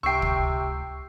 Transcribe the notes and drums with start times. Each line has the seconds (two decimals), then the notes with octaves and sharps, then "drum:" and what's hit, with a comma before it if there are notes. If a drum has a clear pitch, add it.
0.03 C#2 C3 G5 C#6 E6 C7
0.22 drum: kick